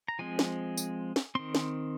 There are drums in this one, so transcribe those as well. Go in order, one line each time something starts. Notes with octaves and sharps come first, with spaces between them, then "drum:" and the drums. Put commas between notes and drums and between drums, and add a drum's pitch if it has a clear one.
A#5
F3 G#3 C4 G#5
drum: snare
drum: tambourine
drum: snare
D#3 C4 C6
drum: snare